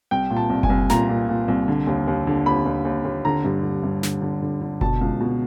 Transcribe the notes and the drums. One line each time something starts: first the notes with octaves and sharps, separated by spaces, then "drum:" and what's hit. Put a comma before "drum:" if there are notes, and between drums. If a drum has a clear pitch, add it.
C2 G5
A#2
A5
C2
G#5, drum: kick F#1
C2
A#2 A#5, drum: snare
A#2
A#2
C2
D3
D#2
D#2
D3
D#2 B5
D#2
D#2
D#2
D3 A#5
G2
D3
G2
D3, drum: snare
D3
D3
D3
B2 A5, drum: kick F#1
C#2
B2